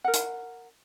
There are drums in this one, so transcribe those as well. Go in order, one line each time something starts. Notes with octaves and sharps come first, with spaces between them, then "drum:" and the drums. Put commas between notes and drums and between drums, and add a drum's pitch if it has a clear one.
A#4 F#5
drum: hi-hat